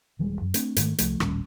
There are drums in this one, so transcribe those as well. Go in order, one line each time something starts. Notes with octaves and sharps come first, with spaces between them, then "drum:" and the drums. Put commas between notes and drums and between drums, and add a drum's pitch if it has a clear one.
D#1 E3 G3 G#3
F#2
A3 C4 D4, drum: hi-hat
G#2 D#3 A3, drum: hi-hat
C2 F3 A3, drum: hi-hat
D#1 A1 G3 C#4, drum: rim click